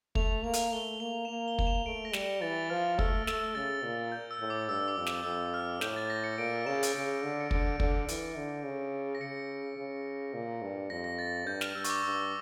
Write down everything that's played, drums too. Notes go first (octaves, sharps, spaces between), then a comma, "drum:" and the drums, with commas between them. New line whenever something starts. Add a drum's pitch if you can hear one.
A3 F7, drum: kick
A#3 F7
drum: hi-hat
A3 G7
A#3 F7
E7
A#3 F7
G7
F7, drum: kick
E7
A3 D7
A#6
G3 C#7, drum: snare
E3 A6
F3 F6
F6
A3 E6, drum: kick
A3 E6, drum: snare
C#3 A6
A#2 A6
G6
E6
A2
D6
G2 E6
D6
F2
D6, drum: snare
F2 E6
F6
A2 G6, drum: snare
A6
A#6
C#7
A#2 D7
C#3 E7
drum: hi-hat
C#3 D7
D3
C#7
D3 D7, drum: kick
D3, drum: kick
E3, drum: hi-hat
D3
C#3
A#6
C#3 C#7
C#3
A#2
G2
F2 A#6
A#6
A6
G2 G6
F6, drum: snare
G2 E6
C#6, drum: hi-hat
D6
G2 E6